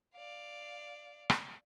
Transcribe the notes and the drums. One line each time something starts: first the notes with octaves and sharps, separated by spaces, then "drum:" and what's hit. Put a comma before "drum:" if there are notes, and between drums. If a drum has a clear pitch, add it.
D5 F5
drum: rim click